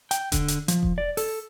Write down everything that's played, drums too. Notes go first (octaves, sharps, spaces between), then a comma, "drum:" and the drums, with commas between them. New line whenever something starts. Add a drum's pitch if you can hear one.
G5, drum: hi-hat
D3, drum: kick E1, hi-hat
drum: hi-hat
F3, drum: hi-hat
drum: kick E1
D5
A4, drum: open hi-hat